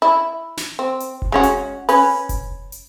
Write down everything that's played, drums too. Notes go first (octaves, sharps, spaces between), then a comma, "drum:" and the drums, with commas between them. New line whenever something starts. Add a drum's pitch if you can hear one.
E4
drum: snare
C4
drum: hi-hat
drum: kick F1
G#3 C#4 F#4
drum: hi-hat
C#4 B4, drum: open hi-hat
drum: kick F1, hi-hat
drum: hi-hat